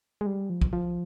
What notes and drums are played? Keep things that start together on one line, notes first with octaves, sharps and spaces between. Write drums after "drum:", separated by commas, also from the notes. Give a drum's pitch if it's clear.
G#3
G3
F3
drum: kick
F3